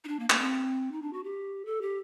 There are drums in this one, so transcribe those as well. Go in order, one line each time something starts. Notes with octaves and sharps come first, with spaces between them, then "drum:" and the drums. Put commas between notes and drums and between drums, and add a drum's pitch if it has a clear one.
D#4
D4
A#3
A#3, drum: clap
C4
D#4
D4
F#4
G4
A4
G4